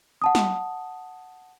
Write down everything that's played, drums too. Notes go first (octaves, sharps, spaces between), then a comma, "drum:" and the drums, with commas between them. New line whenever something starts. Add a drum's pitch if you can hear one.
F#5 A5 D#6
drum: snare